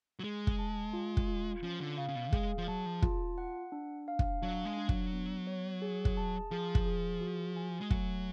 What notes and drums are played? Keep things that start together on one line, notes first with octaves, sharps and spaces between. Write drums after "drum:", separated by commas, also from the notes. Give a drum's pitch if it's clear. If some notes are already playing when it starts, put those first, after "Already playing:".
F#3
G#3 G#4
drum: kick
A5
F4
drum: kick
F4
F3 C#4
D3
C#3 F5
C#3
B2
G#3 G#4, drum: kick
F3
F#3 A5
F3
F4, drum: kick
F#5
D4
F5
drum: kick
F#3 D4
G#3
D4
F#3, drum: kick
B3
C#5
G#4
drum: kick
A5
F3 G#4
drum: kick
G#4
F#4
G#5
G#3
F#3 A3, drum: kick